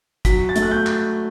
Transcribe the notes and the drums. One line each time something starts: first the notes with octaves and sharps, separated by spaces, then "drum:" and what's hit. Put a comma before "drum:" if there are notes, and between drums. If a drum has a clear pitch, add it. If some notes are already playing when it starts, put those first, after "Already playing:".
F#3 B6, drum: kick, hi-hat
A6
A3, drum: hi-hat
F#6
G6
drum: clap